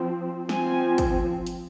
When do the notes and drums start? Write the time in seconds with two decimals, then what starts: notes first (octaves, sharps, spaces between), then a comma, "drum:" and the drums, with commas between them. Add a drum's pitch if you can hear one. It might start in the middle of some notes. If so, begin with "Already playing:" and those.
Already playing: F3 C4
0.49 F3 C4 G#5, drum: snare
0.98 drum: kick, hi-hat
1.46 drum: hi-hat